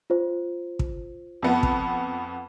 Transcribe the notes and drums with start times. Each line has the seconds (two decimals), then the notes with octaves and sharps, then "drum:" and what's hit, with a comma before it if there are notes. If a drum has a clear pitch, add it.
0.10 F4 C5
0.79 drum: kick
1.43 F2 B3
1.63 drum: kick